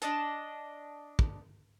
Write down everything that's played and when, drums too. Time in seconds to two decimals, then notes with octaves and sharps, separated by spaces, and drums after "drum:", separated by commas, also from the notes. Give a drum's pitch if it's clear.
0.02 D4 D#5 A5, drum: hi-hat
1.19 drum: kick